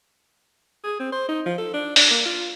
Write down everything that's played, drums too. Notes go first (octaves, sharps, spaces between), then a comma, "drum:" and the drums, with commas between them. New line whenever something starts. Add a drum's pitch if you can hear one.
G#4
C4
C5
D#4
F3
A4
D4
D4, drum: open hi-hat
A#3
F4